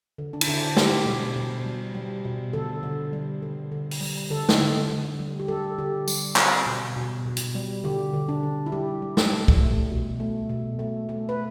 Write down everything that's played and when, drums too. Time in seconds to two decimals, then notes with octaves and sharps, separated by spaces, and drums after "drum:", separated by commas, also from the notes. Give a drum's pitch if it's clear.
0.18 D3
0.33 D4
0.41 E4, drum: cymbal
0.47 D3 D4
0.77 G3 G4, drum: snare
1.06 B2
1.36 B2
1.66 G3
1.95 G3
2.25 B2
2.53 D3 A4
2.83 D3
3.13 G3
3.42 D3
3.72 D3
3.91 drum: open hi-hat
4.01 G3
4.30 D3 A4
4.49 drum: snare
4.60 D3
4.90 D3
5.19 G3
5.40 G4
5.48 G3 A4
5.78 D3 G4
6.08 G3, drum: tambourine
6.36 G3, drum: clap
6.66 B2
6.96 B2
7.25 B2
7.37 drum: hi-hat
7.55 G3
7.84 D3 G4
8.14 D3
8.28 D4
8.43 D3
8.66 E4
8.72 G3 G4
9.02 G3
9.17 A4, drum: snare
9.32 G3
9.48 drum: kick
9.61 A3
9.90 B2
10.20 A3
10.49 B2
10.79 A3
11.09 A3
11.29 B4